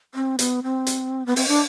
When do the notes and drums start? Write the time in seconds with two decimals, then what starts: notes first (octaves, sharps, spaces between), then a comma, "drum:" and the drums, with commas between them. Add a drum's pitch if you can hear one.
0.15 C4
0.39 B3, drum: hi-hat
0.63 C4
0.87 drum: hi-hat
1.26 B3
1.36 C4, drum: open hi-hat
1.48 D4